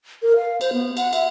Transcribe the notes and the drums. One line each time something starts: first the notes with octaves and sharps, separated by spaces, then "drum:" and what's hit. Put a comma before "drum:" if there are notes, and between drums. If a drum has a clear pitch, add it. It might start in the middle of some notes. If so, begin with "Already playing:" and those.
A#4
F5
C5, drum: cymbal
B3
F#5, drum: cymbal
E5, drum: cymbal